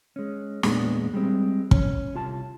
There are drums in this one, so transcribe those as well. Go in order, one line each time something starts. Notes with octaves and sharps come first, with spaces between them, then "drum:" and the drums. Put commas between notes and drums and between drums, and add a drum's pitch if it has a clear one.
G#3 C#4
E2 A#2 G#3 B3 D4, drum: snare
G3 G#3 C4
C#4, drum: kick
C2 F4 A5